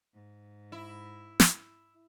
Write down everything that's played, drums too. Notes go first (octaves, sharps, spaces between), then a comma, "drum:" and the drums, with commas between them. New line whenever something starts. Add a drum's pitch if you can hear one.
G#2
E4
drum: snare